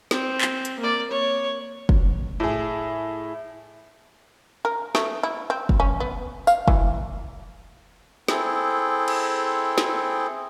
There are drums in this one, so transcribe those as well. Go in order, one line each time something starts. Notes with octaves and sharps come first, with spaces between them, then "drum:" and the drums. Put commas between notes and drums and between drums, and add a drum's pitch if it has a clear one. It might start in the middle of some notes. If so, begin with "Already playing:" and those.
C4, drum: snare
drum: clap
drum: hi-hat
A#3 D5
C#5
drum: kick
A2 E4 G#4
A#4
A3, drum: snare
E4
C4
drum: kick
C#4
B3
F5, drum: tambourine
E3, drum: kick
C4 E4 G#4 A4 G5, drum: snare
drum: cymbal
drum: snare